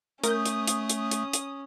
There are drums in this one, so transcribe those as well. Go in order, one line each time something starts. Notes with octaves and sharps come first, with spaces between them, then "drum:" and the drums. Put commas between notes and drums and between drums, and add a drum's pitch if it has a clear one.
A3 C#4 A#4 D#6 G6, drum: hi-hat
drum: hi-hat
drum: hi-hat
drum: hi-hat
drum: hi-hat
drum: hi-hat